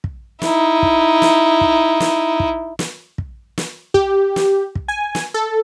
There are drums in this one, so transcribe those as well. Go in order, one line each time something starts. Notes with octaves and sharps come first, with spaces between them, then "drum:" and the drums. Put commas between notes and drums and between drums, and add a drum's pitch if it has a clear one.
drum: kick
D#4 E4, drum: snare
drum: kick
drum: snare
drum: kick
drum: snare
drum: kick
drum: snare
drum: kick
drum: snare
G4, drum: kick
drum: snare
drum: kick
G#5
drum: snare
A4